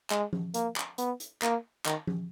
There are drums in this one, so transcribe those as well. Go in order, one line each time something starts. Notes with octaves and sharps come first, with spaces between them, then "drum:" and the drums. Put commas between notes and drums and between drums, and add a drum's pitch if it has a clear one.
G#3, drum: clap
drum: tom F3
A#3, drum: hi-hat
drum: clap
B3, drum: hi-hat
drum: hi-hat
A#3, drum: clap
D#3, drum: clap
drum: tom F3